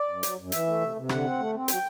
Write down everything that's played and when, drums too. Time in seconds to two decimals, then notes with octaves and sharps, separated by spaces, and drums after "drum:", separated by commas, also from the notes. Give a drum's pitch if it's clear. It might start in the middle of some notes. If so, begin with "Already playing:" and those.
Already playing: D5
0.09 F#2
0.23 F#3, drum: hi-hat
0.38 F#2
0.52 E3 E5, drum: hi-hat
0.66 A3
0.81 C3
0.96 C3
1.09 D3 F#5, drum: rim click
1.25 C4
1.39 A3
1.54 C4
1.68 F#3 G5, drum: hi-hat